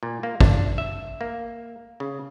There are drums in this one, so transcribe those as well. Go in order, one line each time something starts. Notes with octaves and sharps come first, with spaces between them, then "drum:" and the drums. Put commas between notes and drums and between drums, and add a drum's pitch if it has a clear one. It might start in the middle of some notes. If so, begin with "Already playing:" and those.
A#2
A#3
D4, drum: kick
E5
A#3
C#3